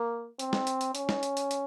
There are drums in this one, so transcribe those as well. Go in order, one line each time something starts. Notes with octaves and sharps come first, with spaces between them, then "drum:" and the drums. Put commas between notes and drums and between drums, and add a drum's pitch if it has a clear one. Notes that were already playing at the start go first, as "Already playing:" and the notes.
Already playing: A#3
C4, drum: hi-hat
drum: snare
drum: hi-hat
drum: hi-hat
C#4, drum: hi-hat
drum: snare
drum: hi-hat
drum: hi-hat
drum: hi-hat